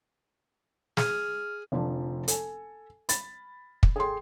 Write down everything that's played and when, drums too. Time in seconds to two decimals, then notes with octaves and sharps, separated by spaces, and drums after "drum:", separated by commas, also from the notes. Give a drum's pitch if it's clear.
0.97 G#4 F6, drum: snare
1.72 F1 D3 F3 D4
2.28 A4 G#5, drum: hi-hat
3.09 B5 A6, drum: hi-hat
3.83 drum: kick
3.96 G#4 A4 G5 C6